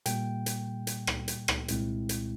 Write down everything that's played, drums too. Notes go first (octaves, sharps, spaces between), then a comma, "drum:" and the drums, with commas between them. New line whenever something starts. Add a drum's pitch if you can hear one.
A#2 G3 A#3 G5, drum: hi-hat
drum: hi-hat
drum: hi-hat
drum: rim click
drum: hi-hat
drum: rim click
C2 A#2 G#3 C4 E4, drum: hi-hat
drum: hi-hat